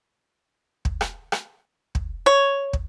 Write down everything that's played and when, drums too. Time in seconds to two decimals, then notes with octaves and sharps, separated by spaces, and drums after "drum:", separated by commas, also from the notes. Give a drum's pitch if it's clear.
0.85 drum: kick
1.01 drum: rim click
1.32 drum: rim click
1.95 drum: kick
2.26 C#5
2.73 drum: kick